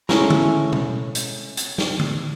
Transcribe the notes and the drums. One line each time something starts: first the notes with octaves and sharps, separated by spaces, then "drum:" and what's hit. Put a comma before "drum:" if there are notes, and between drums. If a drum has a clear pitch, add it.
G#3 A3 C#4 E4 A#5, drum: snare
drum: tom D3
drum: tom
drum: hi-hat
drum: hi-hat
drum: snare
drum: tom D3